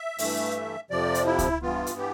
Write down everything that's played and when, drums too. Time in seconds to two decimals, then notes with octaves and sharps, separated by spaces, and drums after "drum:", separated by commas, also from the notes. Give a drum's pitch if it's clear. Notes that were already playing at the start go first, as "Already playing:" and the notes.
Already playing: E5
0.18 G2 E3 A3, drum: open hi-hat
0.91 F2 C3 F3 D5
1.15 drum: hi-hat
1.26 E4
1.39 drum: kick C#2, hi-hat
1.62 G2 E3 B3 F4
1.87 drum: hi-hat
1.99 G4